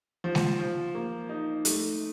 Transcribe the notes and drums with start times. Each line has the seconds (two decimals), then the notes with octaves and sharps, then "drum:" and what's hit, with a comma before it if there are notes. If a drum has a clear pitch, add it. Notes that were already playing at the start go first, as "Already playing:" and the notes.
0.24 F3
0.35 drum: snare G#3
0.59 F3
0.95 A#3
1.29 D#4
1.65 A3, drum: hi-hat